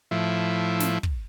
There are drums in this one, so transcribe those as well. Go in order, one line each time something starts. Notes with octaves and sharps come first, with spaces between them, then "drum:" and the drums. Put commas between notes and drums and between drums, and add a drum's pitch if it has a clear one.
A2 F3 E4
drum: snare
drum: kick